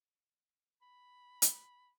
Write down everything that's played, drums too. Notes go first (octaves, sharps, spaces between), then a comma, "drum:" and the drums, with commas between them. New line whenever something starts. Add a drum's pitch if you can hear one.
B5
drum: hi-hat